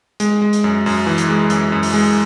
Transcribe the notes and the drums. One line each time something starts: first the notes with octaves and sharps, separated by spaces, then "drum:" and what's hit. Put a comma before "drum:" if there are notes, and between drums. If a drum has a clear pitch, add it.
G#3, drum: hi-hat
G#3
drum: hi-hat
F#2
F#2, drum: open hi-hat
E3
drum: hi-hat
G#3
F#2, drum: hi-hat
F#2
drum: open hi-hat
G#3